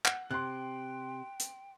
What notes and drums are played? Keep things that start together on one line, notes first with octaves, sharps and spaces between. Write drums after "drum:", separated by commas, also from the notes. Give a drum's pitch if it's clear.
F#5, drum: clap
C3 G5 C6 F#6
drum: hi-hat